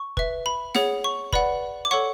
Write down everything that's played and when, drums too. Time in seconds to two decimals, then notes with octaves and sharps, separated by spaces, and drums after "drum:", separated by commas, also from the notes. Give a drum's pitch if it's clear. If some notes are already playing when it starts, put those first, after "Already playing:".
Already playing: C#6
0.17 B4 E5, drum: kick F1
0.46 B5
0.75 G#4 C#5 F#5, drum: snare
1.04 C#6
1.33 B4 D5 F#5 B5, drum: kick F1
1.85 D6
1.91 A4 C#5 F#5 C#6